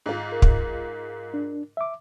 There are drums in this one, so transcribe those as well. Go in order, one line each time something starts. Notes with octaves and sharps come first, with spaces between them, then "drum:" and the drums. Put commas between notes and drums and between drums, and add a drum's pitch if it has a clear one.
G#2 F4
A#4
drum: kick
D4
E5 D6